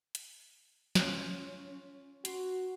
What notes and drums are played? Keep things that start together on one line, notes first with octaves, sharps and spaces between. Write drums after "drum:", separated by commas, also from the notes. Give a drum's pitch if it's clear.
drum: hi-hat
C#4 F4 C6, drum: snare
F#4 C6, drum: hi-hat